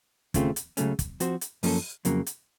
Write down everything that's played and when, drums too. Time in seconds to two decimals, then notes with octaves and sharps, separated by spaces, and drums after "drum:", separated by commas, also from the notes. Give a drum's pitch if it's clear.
0.34 D#2 C#3 A3 C4 F4, drum: kick, hi-hat
0.56 drum: hi-hat
0.77 C#2 C#3 F#3 A3 C#4, drum: hi-hat
0.99 drum: kick, hi-hat
1.20 F3 C4 F#4 C5, drum: hi-hat
1.41 drum: hi-hat
1.63 F#2 F3 A#3 C#4 A4, drum: open hi-hat
2.05 F2 C#3 F#3 A#3, drum: hi-hat
2.26 drum: hi-hat